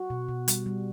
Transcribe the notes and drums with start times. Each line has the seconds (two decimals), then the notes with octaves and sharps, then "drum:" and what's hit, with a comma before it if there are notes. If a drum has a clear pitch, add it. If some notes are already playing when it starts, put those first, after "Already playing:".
Already playing: F#4
0.10 B2
0.29 B2
0.48 G3, drum: hi-hat
0.66 G3